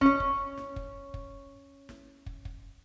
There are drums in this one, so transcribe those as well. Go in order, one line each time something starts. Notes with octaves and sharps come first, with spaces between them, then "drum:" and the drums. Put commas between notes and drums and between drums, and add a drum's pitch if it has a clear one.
C#4 C#5, drum: kick
drum: kick
drum: snare
drum: kick
drum: kick
drum: snare
drum: kick
drum: kick